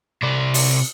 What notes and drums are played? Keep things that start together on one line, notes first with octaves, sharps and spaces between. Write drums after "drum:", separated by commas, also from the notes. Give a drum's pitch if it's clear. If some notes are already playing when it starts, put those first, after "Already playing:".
C3 D5
drum: open hi-hat